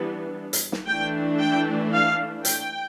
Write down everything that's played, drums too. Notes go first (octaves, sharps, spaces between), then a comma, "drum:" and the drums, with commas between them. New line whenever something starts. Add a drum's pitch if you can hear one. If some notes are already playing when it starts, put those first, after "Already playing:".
Already playing: E3 G3 B3 D4
drum: hi-hat
drum: snare
E3 A3 D4 G5
G5
F5
G5, drum: hi-hat